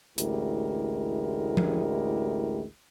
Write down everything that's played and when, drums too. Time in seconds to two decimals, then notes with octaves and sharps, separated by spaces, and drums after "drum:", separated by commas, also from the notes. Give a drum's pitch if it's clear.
0.18 A1 D2 G#3 E4 G4 A#4, drum: hi-hat
1.57 drum: tom F3